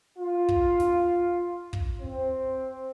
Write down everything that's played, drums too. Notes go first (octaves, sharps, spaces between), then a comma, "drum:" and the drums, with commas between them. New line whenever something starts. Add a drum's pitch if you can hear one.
F4
drum: kick
drum: snare
drum: kick
C4